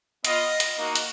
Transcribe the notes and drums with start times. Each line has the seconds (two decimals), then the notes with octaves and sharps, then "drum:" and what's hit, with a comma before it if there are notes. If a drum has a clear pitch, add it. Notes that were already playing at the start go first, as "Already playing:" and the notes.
0.25 B3 F4 D#5, drum: hi-hat
0.60 drum: hi-hat
0.78 A#3 D#4 F#4
0.96 drum: hi-hat